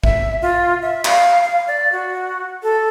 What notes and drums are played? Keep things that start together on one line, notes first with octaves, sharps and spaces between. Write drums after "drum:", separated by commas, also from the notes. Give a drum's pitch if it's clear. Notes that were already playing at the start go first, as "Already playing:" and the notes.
E5, drum: kick
F4
E5
F5, drum: clap
F5
D5
F#4
A4